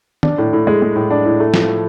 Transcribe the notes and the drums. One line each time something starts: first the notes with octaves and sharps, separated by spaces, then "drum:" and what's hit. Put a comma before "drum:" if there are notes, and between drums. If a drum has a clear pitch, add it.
D4, drum: tom
A2
A2
G#3
G#3
A2
D4
A2
A3
F3, drum: snare